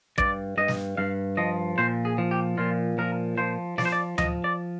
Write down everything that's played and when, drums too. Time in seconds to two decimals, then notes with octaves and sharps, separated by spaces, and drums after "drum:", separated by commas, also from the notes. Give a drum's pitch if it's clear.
0.18 G2 D5, drum: kick
0.58 G2 D#5
0.68 drum: snare
0.97 G2 F5
1.37 F3 D#5
1.78 A#2 C5
2.05 G#4
2.18 F3
2.31 G4
2.58 A#2 F4
2.98 F3 A#4
3.38 F3 C5
3.78 F3 D5, drum: snare
3.85 C5
3.92 D5
4.18 F3 D#5, drum: tom D2
4.44 D5